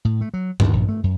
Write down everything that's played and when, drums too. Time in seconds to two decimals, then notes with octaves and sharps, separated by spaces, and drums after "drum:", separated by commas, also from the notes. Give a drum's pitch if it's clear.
0.05 A2
0.21 A3
0.34 F#3
0.60 D2, drum: tom G2
0.73 A#1
0.89 A3
1.04 F#2